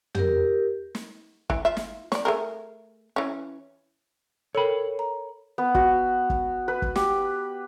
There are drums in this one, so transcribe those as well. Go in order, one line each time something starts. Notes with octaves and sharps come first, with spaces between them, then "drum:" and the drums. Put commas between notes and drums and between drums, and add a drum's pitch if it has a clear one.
G4 A#4, drum: tom
drum: snare
E3, drum: kick G1
F4 E5
drum: snare
C#5 D5, drum: snare
A3 G#4 A#4
E3 C#4
A4 A#4 C#5 G5 B5
A#5
B3
F#4, drum: kick G1
drum: kick G1
B4
drum: kick G1
G4, drum: snare